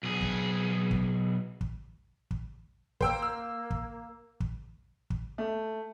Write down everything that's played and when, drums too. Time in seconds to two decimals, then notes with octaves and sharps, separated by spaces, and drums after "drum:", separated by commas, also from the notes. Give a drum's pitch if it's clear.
0.03 B1 G#4
0.21 drum: kick
0.91 drum: kick
1.61 drum: kick
2.31 drum: kick
3.01 A#3 C5 G5 E6, drum: kick
3.22 E6
3.70 drum: kick
4.40 drum: kick
5.10 drum: kick
5.38 A3